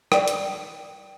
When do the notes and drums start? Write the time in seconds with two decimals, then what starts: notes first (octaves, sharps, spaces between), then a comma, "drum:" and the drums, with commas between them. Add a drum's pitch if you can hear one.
0.12 D5 G5, drum: rim click
0.28 drum: hi-hat